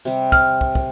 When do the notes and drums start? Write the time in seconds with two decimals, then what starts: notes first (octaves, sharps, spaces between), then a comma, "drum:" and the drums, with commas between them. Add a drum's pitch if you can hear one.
0.05 C3 G3
0.32 F6, drum: kick
0.61 drum: kick
0.75 drum: kick